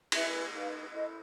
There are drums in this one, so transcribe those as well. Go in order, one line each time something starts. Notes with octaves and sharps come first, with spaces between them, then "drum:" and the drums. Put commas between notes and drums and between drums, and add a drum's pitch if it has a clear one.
E4 G#4 B4 E5, drum: cymbal
D#4 G#4 B4 F5
E4 A4 C5 D#5